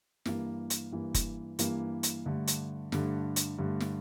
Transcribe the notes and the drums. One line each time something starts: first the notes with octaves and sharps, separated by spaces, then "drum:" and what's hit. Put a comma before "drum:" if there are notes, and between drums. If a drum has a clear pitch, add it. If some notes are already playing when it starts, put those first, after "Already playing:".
G2 E3 A#3, drum: snare
drum: hi-hat
G2 E3 A#3
drum: kick F1, hi-hat
G2 E3 A#3, drum: hi-hat
drum: hi-hat
G2 D3 A3
drum: hi-hat
G2 D3 A3, drum: snare
drum: hi-hat
G2 D3 A3
drum: snare